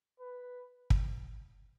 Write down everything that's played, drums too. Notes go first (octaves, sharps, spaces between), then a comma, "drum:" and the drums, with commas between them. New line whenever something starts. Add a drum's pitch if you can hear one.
B4
drum: kick